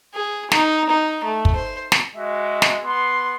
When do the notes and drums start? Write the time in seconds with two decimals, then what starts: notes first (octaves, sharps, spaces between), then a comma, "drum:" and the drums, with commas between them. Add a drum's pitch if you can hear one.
0.15 G#4
0.52 D#4, drum: snare
0.90 D#4
1.24 A3
1.45 drum: kick
1.55 C5
1.92 drum: snare
2.16 G#3 F#4 E5
2.62 drum: snare
2.84 B3 C6